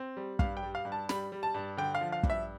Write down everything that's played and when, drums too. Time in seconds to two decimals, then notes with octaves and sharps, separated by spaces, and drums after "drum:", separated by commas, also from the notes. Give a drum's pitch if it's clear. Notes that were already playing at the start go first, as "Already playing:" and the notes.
Already playing: C4
0.17 G3
0.39 G2 F5, drum: kick
0.57 G5
0.63 G3
0.75 F5
0.85 G2
0.92 A5
1.09 G3 B5, drum: snare
1.32 G3
1.43 A5
1.54 G2
1.77 D3 G5
1.95 F5
2.01 F3
2.12 F5
2.23 G2, drum: kick
2.30 E5